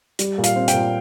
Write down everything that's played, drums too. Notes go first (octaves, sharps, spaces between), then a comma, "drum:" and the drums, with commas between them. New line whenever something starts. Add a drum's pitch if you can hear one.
G3, drum: hi-hat
A#2
F5, drum: hi-hat
C4
G5, drum: hi-hat
A#2